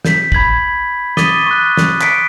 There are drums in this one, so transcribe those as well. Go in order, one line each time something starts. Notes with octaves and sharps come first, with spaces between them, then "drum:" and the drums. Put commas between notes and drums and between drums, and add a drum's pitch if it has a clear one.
G6 B6, drum: snare
B5 G#6 B6 F#7, drum: kick
D6 D#6 A6 B6 D#7 G7, drum: snare
C#6 F#6
drum: snare
B6 C#7 D7, drum: clap